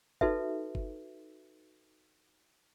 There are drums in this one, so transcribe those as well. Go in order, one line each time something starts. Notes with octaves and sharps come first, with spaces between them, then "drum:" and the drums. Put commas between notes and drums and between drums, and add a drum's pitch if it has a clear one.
D#4 F#4 A4 B4 E5, drum: kick G1
drum: kick G1